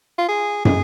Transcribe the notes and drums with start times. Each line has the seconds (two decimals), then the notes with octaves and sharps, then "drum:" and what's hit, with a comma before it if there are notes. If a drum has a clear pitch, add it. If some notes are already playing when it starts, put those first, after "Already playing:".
0.19 F4
0.28 G#4
0.65 G#4, drum: tom